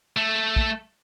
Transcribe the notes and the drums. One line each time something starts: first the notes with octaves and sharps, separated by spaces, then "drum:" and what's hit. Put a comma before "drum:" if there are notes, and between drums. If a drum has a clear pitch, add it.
A3 A4
drum: kick